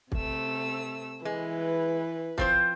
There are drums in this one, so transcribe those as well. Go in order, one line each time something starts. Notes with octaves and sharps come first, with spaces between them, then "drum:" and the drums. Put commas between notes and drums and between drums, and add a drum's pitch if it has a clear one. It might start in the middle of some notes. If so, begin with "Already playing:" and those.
C3 A3 E6, drum: kick
E3 G#3 B4
F3 C4 C5, drum: kick